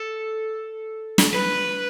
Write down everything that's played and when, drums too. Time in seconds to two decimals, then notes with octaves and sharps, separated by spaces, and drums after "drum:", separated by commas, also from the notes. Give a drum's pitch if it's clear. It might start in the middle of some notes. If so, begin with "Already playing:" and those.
Already playing: A4
1.18 drum: snare
1.34 B4